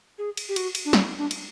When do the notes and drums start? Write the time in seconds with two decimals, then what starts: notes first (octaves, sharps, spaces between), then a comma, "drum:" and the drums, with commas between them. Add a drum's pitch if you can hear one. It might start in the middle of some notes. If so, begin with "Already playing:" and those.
0.18 G#4
0.37 drum: cymbal
0.49 G4
0.56 F#4, drum: cymbal
0.75 drum: cymbal
0.85 D4
0.93 C#4, drum: snare
1.18 D4
1.31 drum: cymbal